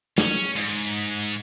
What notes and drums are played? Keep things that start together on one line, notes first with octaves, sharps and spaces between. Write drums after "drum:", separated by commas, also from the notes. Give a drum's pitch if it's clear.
C#4, drum: snare
G#2, drum: hi-hat